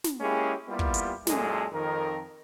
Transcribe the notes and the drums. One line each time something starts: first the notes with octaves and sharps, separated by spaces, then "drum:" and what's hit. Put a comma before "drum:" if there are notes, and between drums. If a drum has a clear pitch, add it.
drum: snare
G#3 A#3 C#4 E4 G4 G#4
G3 A#3 B3 E4 F4 G4
drum: kick
drum: hi-hat
F#2 A#2 G#3 A4, drum: snare
F2 D#3 A#4